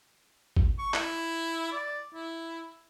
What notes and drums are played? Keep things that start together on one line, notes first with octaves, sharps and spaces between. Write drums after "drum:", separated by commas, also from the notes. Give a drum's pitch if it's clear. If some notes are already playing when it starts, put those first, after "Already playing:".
drum: kick
C#6
E4, drum: clap
D5
E4